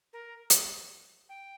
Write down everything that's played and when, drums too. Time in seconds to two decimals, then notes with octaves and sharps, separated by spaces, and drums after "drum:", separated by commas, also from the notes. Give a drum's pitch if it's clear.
0.13 A#4
0.50 drum: hi-hat
1.29 G5